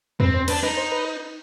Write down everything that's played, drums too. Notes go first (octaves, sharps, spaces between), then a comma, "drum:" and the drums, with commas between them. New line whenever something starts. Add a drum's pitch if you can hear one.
C4 B4, drum: tom E2
C5
D4 B4, drum: cymbal
D#4 B4
C5
B4